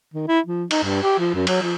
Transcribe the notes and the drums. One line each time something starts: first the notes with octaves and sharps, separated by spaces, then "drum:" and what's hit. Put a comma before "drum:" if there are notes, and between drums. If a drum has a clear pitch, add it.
D#3
E4
F3
D#4, drum: cymbal
G2
G4
F3
F#2
F#3, drum: cymbal
F3